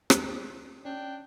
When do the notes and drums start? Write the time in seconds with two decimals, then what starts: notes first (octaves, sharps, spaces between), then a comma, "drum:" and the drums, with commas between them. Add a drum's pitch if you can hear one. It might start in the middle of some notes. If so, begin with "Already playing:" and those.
0.10 drum: rim click
0.85 C#4 D4 G5